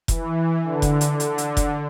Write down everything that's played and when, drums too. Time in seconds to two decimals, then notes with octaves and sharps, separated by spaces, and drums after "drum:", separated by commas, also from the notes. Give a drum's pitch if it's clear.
0.08 E3, drum: kick F1, hi-hat
0.63 D3
0.82 drum: kick F1, hi-hat
1.01 drum: hi-hat
1.20 D3, drum: hi-hat
1.38 drum: hi-hat
1.57 drum: kick F1, hi-hat